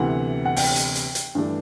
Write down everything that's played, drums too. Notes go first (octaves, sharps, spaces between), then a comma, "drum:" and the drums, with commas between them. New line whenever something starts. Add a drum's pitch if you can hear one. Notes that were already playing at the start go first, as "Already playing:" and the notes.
Already playing: D2 C3 E3 B3 F#5
F#5
G5, drum: open hi-hat
drum: hi-hat
drum: hi-hat
drum: hi-hat
G2 E3 A3 D4